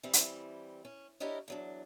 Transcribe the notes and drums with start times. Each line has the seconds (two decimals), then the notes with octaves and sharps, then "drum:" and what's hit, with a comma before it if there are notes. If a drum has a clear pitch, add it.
0.03 E3 G3 C4
0.13 drum: hi-hat
0.85 C#4
1.20 D4 E4 G4 A#4 C#5 D#5
1.48 E2 F#3 D4